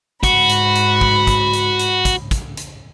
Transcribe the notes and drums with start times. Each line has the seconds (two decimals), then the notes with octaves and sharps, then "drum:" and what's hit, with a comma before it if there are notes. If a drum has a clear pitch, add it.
0.23 G#2 F#4 B5, drum: kick, hi-hat
0.49 drum: hi-hat
0.75 drum: hi-hat
1.01 drum: kick
1.27 drum: kick, hi-hat
1.53 drum: hi-hat
1.79 drum: hi-hat
2.05 drum: kick, hi-hat
2.31 drum: kick, hi-hat
2.57 drum: hi-hat